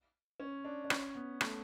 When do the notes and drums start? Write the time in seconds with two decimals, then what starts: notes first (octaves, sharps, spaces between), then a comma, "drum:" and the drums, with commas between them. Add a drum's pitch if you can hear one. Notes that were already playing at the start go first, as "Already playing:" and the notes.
0.40 C#4
0.65 D4
0.84 D4
0.90 C#4, drum: rim click
1.15 B3
1.41 A3, drum: rim click